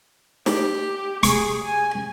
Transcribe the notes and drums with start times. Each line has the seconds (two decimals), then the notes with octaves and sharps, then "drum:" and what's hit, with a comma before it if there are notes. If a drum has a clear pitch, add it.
0.46 G4, drum: snare
1.23 G#4 C#6, drum: hi-hat
1.64 G#5